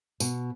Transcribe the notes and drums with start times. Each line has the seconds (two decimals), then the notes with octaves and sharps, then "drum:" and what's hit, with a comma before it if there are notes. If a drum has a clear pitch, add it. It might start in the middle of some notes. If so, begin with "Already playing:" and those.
0.20 B2, drum: tambourine